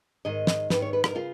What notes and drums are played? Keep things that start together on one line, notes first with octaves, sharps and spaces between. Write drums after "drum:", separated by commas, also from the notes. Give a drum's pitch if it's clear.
G#2 D#3 D#5
drum: snare
G#2 D#3 B4, drum: snare
C#5
B4
A#4, drum: rim click
C#3 F4